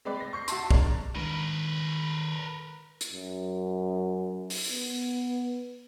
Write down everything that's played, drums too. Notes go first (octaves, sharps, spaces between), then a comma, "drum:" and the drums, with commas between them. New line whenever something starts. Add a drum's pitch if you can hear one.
G#3 C4 B4 D5
A#6
C#6 G6 C7
F#4 E5 A5 C6, drum: hi-hat
G#3 D4 A#4 C#5 D5, drum: kick
D#3 G#3 D4 A#4 B4
drum: hi-hat
F#2
drum: open hi-hat
B3